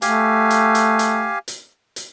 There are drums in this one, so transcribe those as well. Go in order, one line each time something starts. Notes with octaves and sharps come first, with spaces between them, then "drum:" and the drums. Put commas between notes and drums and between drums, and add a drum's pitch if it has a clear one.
A3 G4 F5 G#5, drum: hi-hat
drum: hi-hat
drum: hi-hat
drum: hi-hat
drum: hi-hat
drum: hi-hat